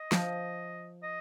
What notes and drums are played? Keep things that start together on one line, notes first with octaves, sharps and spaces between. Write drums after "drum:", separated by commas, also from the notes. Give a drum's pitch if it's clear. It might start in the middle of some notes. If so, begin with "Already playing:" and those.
Already playing: D#5
F3, drum: snare
D#5